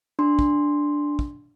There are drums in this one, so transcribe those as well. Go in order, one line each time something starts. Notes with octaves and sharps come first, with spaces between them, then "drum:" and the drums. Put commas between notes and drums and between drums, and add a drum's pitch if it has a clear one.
D4 C6
drum: kick
drum: kick